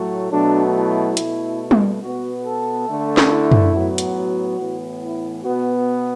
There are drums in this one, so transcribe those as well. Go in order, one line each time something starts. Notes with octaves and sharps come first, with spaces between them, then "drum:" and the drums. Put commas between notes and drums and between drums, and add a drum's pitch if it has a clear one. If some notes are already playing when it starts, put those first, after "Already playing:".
Already playing: A2 F#3 A3
B2 F#3 A3 D4
E4
B2 A3, drum: hi-hat
drum: tom G3
B2 B3 F#4
A4
D3 A3
drum: snare
E4
drum: tom
A2 F#3 B3
drum: hi-hat
F#4
A2 E3 B3
E4
B2 B3 F#4